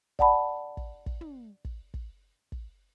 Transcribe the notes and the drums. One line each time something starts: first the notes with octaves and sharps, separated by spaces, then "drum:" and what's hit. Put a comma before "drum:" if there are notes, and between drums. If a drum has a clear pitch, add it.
D5 F#5 A5 B5, drum: kick
drum: kick
drum: kick
drum: tom
drum: kick
drum: kick
drum: kick